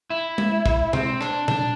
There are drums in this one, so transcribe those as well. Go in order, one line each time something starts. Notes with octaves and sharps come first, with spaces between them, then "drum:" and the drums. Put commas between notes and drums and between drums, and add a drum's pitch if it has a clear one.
E4
drum: tom
drum: kick
C4, drum: tom B2
D4, drum: rim click
D4, drum: tom A#2